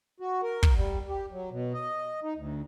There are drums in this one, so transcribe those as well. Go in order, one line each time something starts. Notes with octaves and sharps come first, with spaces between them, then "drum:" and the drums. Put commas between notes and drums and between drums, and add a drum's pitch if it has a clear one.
F#4
A#4
drum: kick
G3
G4
F#3
B2
D#5
D#4
D2